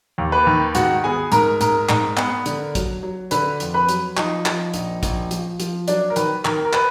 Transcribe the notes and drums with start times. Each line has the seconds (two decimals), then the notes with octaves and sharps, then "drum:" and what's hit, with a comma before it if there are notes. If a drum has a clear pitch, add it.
0.18 D#2
0.32 B4
0.47 D#3
0.75 G#2 F#4 F#5, drum: hi-hat
1.04 B3 G#4 G#5
1.32 G#2 A#4 A#5, drum: hi-hat
1.61 G#2 A#4 A#5, drum: hi-hat
1.89 G#2, drum: clap
2.17 B3, drum: clap
2.46 D3, drum: hi-hat
2.75 F#3, drum: kick A#1, hi-hat
3.03 F#3
3.31 D3 B4 B5, drum: hi-hat
3.60 F2, drum: hi-hat
3.74 B4 B5
3.89 F#3, drum: hi-hat
4.17 F3 D#4 D#5, drum: clap
4.46 F3, drum: clap
4.74 A#1, drum: hi-hat
5.03 A#1, drum: kick A#1, hi-hat
5.31 F3, drum: hi-hat
5.60 F3, drum: hi-hat
5.88 F#3 D4 D5, drum: hi-hat
6.10 A#4
6.16 D#3 B4, drum: hi-hat
6.45 D#3 A#4, drum: clap
6.65 A#4
6.73 B4, drum: clap